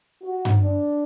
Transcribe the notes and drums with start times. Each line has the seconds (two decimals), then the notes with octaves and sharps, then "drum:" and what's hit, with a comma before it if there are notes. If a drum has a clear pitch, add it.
0.22 F#4
0.45 drum: tom G2
0.62 D4